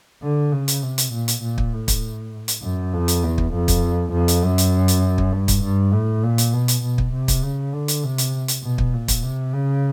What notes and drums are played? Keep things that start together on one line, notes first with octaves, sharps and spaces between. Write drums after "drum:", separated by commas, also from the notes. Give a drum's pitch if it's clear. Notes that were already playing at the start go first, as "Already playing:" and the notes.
D3
C#3
drum: hi-hat
C3
drum: hi-hat
A#2
drum: hi-hat
A#2
drum: kick
A2
drum: kick, hi-hat
drum: hi-hat
F#2
F2
drum: hi-hat
E2
drum: kick
F2
drum: kick, hi-hat
F2
drum: hi-hat
F#2
drum: hi-hat
drum: hi-hat
drum: kick
G2
drum: kick, hi-hat
G2
A2
A#2
drum: hi-hat
B2
drum: hi-hat
B2
drum: kick
C3
drum: kick, hi-hat
C#3
D3
drum: hi-hat
C3
drum: hi-hat
drum: hi-hat
B2
drum: kick
A#2
drum: kick, hi-hat
C3
C#3